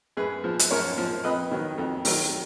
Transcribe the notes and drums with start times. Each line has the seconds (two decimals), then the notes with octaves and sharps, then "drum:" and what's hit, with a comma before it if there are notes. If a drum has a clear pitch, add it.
0.17 F#2 G#4 B4
0.44 F3
0.59 drum: hi-hat
0.71 F#2 A#4 C#5
0.98 F3
1.24 F2 B4 D#5
1.51 D#3 F#3
1.78 F2
2.05 D#3 F#3, drum: open hi-hat